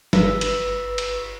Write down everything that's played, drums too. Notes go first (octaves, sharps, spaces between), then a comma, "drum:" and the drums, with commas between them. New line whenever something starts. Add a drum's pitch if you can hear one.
G1 B4 E6 A#6 B6, drum: snare
drum: cymbal
drum: cymbal